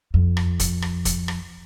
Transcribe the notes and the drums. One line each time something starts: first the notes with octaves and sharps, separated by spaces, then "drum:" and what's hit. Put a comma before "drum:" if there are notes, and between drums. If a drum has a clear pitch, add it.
F2
drum: rim click
drum: kick, hi-hat
drum: rim click
drum: kick, hi-hat
drum: rim click